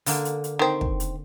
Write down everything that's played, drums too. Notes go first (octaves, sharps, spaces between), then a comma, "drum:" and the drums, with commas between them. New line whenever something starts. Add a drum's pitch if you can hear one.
D3 A#3, drum: open hi-hat
drum: hi-hat
drum: hi-hat
D#3 C4
drum: kick
drum: hi-hat